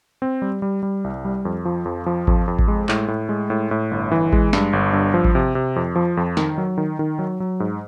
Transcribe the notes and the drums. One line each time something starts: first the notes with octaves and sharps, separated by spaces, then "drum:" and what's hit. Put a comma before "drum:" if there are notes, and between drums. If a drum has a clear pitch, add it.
C4
G3
G3
G3
C2
G3
F2
F3
F2
F3
F2, drum: kick G#1
F2
drum: kick G#1
G#3
A2, drum: clap
A2
G#3
A2
A2
G1
E3
G#3, drum: kick G#1
G2, drum: snare
G1
G2
F3
drum: kick G#1
C3
C3
F2
F3
F2
D#3, drum: snare
F#3
D#3
D#3
F#3
F#3
G#2